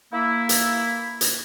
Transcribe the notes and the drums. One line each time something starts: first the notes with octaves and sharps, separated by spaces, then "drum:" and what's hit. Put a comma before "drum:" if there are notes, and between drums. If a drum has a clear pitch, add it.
A#3 E4
drum: hi-hat
drum: hi-hat